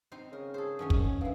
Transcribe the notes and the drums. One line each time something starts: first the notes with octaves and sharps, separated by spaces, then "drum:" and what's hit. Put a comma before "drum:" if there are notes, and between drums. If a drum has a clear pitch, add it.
C4 D#4 C5
C#3 A#4
G#4 A4 C5
F#2 D#3 C#4
drum: kick
G#4
G2 B3 E4 F5